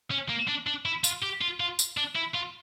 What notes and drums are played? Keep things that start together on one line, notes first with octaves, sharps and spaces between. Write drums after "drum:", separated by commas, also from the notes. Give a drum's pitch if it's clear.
C#4
A#3
D4
D4
E4
F4, drum: tambourine
G4
F4
F4
drum: tambourine
D4
E4
F4